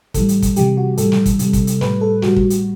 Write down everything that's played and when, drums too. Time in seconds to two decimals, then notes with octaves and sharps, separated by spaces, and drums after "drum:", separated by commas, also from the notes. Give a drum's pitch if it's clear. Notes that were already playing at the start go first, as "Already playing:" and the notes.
0.14 A2 E3 G3 A4, drum: kick, hi-hat
0.29 drum: hi-hat
0.42 drum: kick, hi-hat
0.56 C3 E3 G3 G4, drum: hi-hat
0.77 F#4
0.98 A2 E3 G3 A4, drum: hi-hat
1.12 drum: snare
1.26 drum: kick, hi-hat
1.39 C3 G3, drum: hi-hat
1.53 drum: kick, hi-hat
1.67 drum: hi-hat
1.81 A2 G3 B4, drum: snare
2.01 A4
2.22 A2 G3 F#4, drum: snare
2.36 drum: kick
2.50 drum: hi-hat